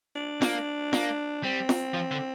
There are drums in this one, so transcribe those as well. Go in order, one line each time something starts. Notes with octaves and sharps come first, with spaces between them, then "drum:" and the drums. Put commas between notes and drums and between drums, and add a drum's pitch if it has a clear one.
D4
A#3, drum: snare
A#3, drum: snare
G3 C4
drum: snare
F3
D3